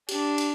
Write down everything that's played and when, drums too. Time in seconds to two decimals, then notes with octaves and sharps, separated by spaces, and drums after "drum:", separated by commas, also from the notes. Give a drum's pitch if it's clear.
0.09 D4 G4, drum: cymbal
0.38 drum: cymbal